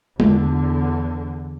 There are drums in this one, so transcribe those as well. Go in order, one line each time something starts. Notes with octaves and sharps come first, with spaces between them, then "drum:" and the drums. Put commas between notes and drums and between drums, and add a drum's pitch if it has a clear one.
E2 D3, drum: tom